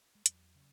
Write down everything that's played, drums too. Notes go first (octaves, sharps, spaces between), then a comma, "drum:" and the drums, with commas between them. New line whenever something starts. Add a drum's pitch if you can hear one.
G#3
E2 F#3, drum: hi-hat
C#3